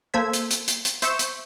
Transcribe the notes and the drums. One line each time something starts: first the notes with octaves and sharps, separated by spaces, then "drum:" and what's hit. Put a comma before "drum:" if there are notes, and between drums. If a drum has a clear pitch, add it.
A#3 A4 C5 E6 G#6 B6
drum: hi-hat
drum: hi-hat
drum: hi-hat
drum: hi-hat
C5 E5 C#6 G6 E7, drum: hi-hat
drum: hi-hat